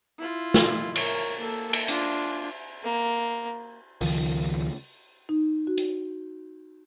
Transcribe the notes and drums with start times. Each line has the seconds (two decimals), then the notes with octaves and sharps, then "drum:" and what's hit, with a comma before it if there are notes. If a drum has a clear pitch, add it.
0.18 E4 F4
0.54 drum: snare
0.96 A#4 C#5, drum: cymbal
1.39 A#3 A4
1.73 drum: cymbal
1.88 D4 F4, drum: hi-hat
2.84 A#3
4.01 C#2 D#3 F3, drum: open hi-hat
5.29 D#4
5.67 F#4
5.78 drum: hi-hat